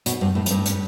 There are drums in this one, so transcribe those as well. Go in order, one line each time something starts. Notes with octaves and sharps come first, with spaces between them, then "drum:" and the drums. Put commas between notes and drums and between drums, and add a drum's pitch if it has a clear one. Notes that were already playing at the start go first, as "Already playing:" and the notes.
B2, drum: hi-hat
G2
A2
F2, drum: hi-hat
G2
drum: hi-hat